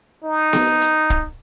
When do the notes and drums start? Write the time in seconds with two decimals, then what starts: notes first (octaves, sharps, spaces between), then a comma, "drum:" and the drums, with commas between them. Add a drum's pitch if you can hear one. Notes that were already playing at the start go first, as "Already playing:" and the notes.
0.24 D#4
0.53 drum: snare B3
0.82 drum: hi-hat
1.10 drum: kick